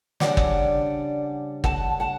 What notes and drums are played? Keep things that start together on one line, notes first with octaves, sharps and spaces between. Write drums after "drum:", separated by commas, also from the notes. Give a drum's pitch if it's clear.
C#3 G3 D4 D5 F#5, drum: snare
drum: kick
F#5 A5, drum: kick
F#5 A5